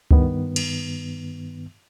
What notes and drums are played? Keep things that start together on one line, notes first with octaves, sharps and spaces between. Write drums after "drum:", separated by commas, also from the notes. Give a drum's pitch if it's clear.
G2 D#3 B3, drum: kick C#2
drum: cymbal